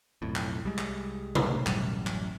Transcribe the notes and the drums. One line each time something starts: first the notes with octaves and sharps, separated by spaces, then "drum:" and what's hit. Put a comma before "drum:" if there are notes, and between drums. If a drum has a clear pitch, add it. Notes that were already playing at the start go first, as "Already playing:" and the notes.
B1 F2 A2
drum: clap
C2 G3 G#3
drum: clap
drum: tom B2
D1 A1 F#2 G3, drum: clap
drum: clap